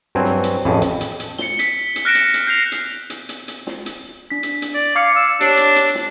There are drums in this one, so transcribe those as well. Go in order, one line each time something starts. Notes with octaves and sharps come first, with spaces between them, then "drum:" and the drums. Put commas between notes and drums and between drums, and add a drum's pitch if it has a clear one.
G2 F#3 C4 G#5
drum: snare
drum: hi-hat
A1 F2 A2 G#4
drum: hi-hat
drum: hi-hat
drum: hi-hat
C#7 G7, drum: snare
B6, drum: hi-hat
drum: hi-hat
F6 F#6 A#6 C#7 D7 E7
drum: hi-hat
drum: hi-hat
G6 C7 F7
drum: hi-hat
drum: hi-hat
drum: hi-hat
drum: hi-hat
drum: snare
drum: hi-hat
D4 B6
drum: hi-hat
drum: hi-hat
D5
F5 D6 G#6 C#7
E6
D4 G4 C#5, drum: hi-hat
drum: hi-hat
drum: hi-hat
drum: snare